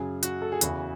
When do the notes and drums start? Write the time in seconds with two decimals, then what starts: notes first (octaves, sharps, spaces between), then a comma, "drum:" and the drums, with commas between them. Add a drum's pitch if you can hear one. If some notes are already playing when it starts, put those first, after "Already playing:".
Already playing: F#2 C#3 F#3 G#4
0.23 F#4, drum: hi-hat
0.42 A4
0.52 G#4
0.61 E2 C#3 E3 F#4, drum: hi-hat